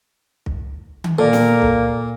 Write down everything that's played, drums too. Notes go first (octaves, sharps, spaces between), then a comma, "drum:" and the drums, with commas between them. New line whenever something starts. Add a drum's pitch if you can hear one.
drum: kick
drum: tom D#3
A#2 A#3 A4 A#4 D5
drum: snare
drum: kick